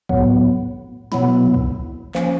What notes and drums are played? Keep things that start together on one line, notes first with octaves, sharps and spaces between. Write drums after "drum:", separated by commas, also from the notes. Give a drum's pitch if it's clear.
A2 F#3 B3, drum: kick
B2 F#3 B3 E4, drum: snare
drum: kick
F3 A#3 C#4, drum: clap